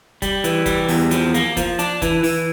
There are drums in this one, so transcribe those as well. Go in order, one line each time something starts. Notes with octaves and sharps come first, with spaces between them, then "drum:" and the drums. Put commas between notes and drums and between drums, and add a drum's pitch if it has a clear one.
G3, drum: kick, hi-hat
E3, drum: hi-hat
G3, drum: kick, hi-hat
E2, drum: open hi-hat
F3, drum: hi-hat
A#3, drum: hi-hat
F3, drum: kick, hi-hat
D4, drum: hi-hat
E3, drum: kick, hi-hat
E3, drum: open hi-hat